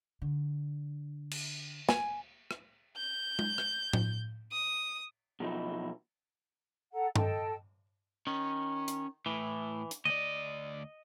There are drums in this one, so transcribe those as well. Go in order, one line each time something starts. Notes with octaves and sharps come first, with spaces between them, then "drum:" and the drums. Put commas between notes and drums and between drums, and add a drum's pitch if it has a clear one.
D3
drum: cymbal
G#5, drum: snare
drum: rim click
G6
drum: tom G#3
drum: rim click
drum: tom A2
D#6
B2 F3 F#3 D#4 E4
A4 F#5 A#5
A4 D#5 G5 A5, drum: tom G2
D#3 C#4
drum: hi-hat
A2 E3
drum: hi-hat
D2 D5 D#5